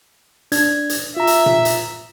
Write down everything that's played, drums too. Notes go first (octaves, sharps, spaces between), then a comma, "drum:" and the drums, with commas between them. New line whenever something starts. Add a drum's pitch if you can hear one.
D4 G#6, drum: hi-hat
drum: hi-hat
F4 E5 A#5
drum: hi-hat
drum: tom A#2
drum: hi-hat